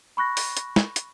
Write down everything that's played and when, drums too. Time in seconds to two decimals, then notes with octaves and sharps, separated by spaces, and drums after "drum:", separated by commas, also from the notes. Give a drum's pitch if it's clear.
0.17 B5 C#6 F#6 A#6
0.37 drum: open hi-hat
0.57 drum: hi-hat
0.76 drum: snare
0.96 drum: hi-hat